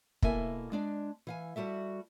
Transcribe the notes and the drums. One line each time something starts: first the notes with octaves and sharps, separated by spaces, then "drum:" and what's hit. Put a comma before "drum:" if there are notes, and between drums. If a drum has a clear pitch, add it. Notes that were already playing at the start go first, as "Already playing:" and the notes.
B2 A#3 E4 A4 E5 G#5, drum: kick
G#3 D4 D5
E3 F5 G#5
G3 F#4 A4 E5